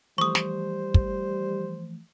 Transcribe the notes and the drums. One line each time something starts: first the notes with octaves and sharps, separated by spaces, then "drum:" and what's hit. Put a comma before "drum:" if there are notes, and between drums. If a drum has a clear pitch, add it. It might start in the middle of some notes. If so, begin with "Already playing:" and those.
E3 F3 G3 A3 C5 C#6 D#6
drum: snare
drum: kick